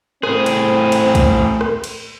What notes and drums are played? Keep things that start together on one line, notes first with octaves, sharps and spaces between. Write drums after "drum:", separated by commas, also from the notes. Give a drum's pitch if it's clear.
A2 C4 G#4, drum: rim click
drum: cymbal
drum: cymbal
drum: kick, cymbal
drum: rim click
drum: cymbal